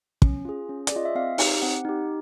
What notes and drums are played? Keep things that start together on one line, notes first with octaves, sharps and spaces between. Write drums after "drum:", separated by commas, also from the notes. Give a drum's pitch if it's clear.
C#4, drum: kick
F4 G#4
C#4
D5, drum: hi-hat
F4 G#4 D#5
E5
C4 F5
D#4 G4, drum: open hi-hat
C4 F#5
D#4 G4